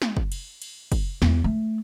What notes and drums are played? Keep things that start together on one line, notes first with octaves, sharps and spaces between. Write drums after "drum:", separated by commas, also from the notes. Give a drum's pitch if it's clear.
drum: snare
drum: kick
drum: cymbal
drum: cymbal
drum: kick, cymbal
E2, drum: snare
A3